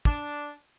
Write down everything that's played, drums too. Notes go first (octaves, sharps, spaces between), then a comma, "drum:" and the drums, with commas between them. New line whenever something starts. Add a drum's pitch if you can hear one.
D4, drum: kick